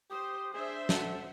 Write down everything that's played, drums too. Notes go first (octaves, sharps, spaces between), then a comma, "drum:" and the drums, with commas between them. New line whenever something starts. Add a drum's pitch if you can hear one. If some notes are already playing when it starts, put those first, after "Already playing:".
G4 C5 D#6
D4 G#4 C5 E5
A4 F#5, drum: snare